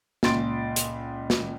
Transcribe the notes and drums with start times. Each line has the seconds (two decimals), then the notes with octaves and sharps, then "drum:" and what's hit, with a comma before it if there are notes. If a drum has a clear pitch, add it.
0.23 C#2 A#2 C6 A6 D7, drum: snare
0.76 drum: hi-hat
1.30 drum: snare